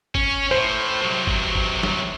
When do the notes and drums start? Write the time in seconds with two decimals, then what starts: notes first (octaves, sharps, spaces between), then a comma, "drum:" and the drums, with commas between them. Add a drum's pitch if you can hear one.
0.15 C#4, drum: kick
0.51 A2 C5
1.02 C3 F#3
1.27 drum: kick
1.55 drum: kick
1.83 drum: snare